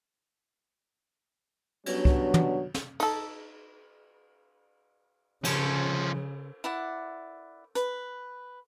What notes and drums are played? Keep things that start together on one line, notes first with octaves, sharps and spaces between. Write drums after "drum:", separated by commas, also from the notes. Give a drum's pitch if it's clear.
F#3 G3 B3 C#4 D4, drum: cymbal
drum: kick C2
drum: tom
drum: snare
D#4 A4, drum: cymbal
C#3 F3 C#4, drum: cymbal
E4 D5 F#5
B4, drum: hi-hat